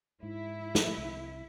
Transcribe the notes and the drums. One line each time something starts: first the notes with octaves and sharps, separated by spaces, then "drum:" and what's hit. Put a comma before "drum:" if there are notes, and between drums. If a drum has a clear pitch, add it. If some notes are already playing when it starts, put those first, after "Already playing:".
G#2 E4
drum: snare
C2